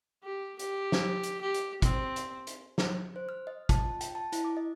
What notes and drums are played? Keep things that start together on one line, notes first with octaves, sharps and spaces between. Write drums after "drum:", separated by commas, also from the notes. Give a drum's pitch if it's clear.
G4
G4, drum: hi-hat
drum: snare
drum: hi-hat
G4
drum: hi-hat
C4, drum: kick, hi-hat
drum: hi-hat
drum: hi-hat
drum: snare
C5
F6
D#5
A5, drum: kick, hi-hat
F4
G5, drum: hi-hat
A5
E4, drum: hi-hat
D6
D#5